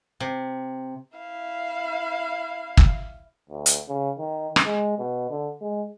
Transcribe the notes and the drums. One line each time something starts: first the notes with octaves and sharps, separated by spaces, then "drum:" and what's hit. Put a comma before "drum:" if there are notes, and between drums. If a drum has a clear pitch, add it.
C3
E4 F5
drum: kick
D2
drum: hi-hat
C#3
D#3
drum: rim click
G#3
B2
D3
G#3